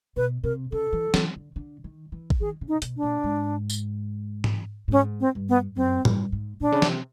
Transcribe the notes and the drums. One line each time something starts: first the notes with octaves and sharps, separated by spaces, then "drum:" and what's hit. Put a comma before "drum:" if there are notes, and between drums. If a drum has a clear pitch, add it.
B2 B4
C3 A#4
C#3 A4
E3
F#3, drum: snare
D3
D3
D#3
E3
drum: kick G#1
D#3 G#4
C#3
D#4
B2, drum: hi-hat
D4
A#2
G#2
drum: tambourine
drum: tom G#2
A2
G#2 C#4
C4
G2
B3
F#2 C4
G2, drum: tom A2
G#2
A#2 D4
C#3
C3, drum: snare